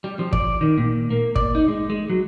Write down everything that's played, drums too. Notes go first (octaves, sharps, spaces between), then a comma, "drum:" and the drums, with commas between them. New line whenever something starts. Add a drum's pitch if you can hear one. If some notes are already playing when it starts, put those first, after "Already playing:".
G3
F3
D5, drum: kick
D#3
A#2
A#3
D5, drum: kick
D#4
G#3
G#3
F#3